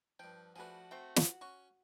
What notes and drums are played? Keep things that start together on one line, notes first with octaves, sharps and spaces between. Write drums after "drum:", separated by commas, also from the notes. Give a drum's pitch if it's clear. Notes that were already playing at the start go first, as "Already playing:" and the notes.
G2 F3 G5
F3 A3 D4 F#4 G#4 B4
A3 C4 G5
drum: snare
C#4 F#4 C#6